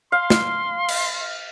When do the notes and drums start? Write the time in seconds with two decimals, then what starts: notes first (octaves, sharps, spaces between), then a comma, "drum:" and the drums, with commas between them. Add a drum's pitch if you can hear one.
0.12 F5 C6
0.30 drum: snare
0.88 drum: cymbal